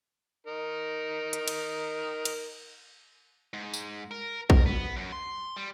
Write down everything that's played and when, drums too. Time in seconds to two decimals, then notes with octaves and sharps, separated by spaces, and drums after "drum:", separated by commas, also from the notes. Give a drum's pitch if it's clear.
0.47 D#4 A#4
1.33 drum: hi-hat
1.48 drum: cymbal
2.25 drum: cymbal
3.53 G#2
3.74 drum: tambourine
4.11 A#4
4.50 A#4, drum: kick
4.66 B3
4.96 F#2
5.13 C6
5.57 G3